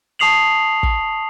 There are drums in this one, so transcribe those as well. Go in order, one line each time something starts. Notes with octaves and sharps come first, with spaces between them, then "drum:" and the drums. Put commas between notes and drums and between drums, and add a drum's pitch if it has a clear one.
A5 C#6 D#6 C7 F7 F#7
drum: kick